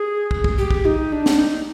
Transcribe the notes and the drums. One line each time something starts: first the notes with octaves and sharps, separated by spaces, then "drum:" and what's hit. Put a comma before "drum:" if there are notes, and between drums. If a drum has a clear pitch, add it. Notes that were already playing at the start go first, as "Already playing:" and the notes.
Already playing: G#4
drum: kick
drum: kick
G4
drum: kick
D#4
D4
drum: snare
D#4